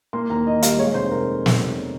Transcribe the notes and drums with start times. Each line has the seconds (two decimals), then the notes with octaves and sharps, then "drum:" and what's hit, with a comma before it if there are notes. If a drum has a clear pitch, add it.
0.13 A#3 C6
0.29 D#2 A#5
0.46 D#3 D#5
0.62 G3 F5, drum: hi-hat
0.79 G#3 C#5
0.94 F1 C5
1.11 A#4
1.46 drum: snare